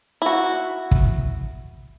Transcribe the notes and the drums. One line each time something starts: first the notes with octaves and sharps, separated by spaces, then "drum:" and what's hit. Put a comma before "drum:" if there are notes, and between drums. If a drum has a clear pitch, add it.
E4 F#4
drum: kick